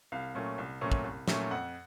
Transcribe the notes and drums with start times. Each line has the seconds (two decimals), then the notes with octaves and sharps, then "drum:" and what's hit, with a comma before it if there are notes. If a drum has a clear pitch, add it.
0.12 C2 F5
0.35 A#2 F#3 A3 C#4
0.58 C2
0.81 A#2 F#3 A3 C#4
0.92 drum: kick
1.04 C2
1.28 A#2 F#3 A3 C#4, drum: snare
1.51 F2 F#5